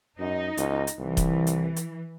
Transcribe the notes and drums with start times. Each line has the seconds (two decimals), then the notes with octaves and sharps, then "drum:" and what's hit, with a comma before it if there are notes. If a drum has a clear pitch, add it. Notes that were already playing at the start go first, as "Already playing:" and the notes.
0.19 F#2 D#4
0.57 C#2, drum: hi-hat
0.87 drum: hi-hat
0.99 C2 E3
1.17 drum: kick D#1, hi-hat
1.47 drum: hi-hat
1.76 drum: hi-hat